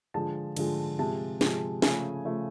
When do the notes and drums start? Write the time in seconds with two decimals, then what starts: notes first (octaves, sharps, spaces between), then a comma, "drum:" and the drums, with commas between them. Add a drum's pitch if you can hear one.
0.14 D3 F3 G#3 A5
0.57 D3 F3 G#3, drum: cymbal
0.99 C3 F3 G#3 A5
1.41 C3 F3 G#3, drum: snare
1.82 C#3 F3 A3 G#5, drum: snare
2.25 C#3 F3 A3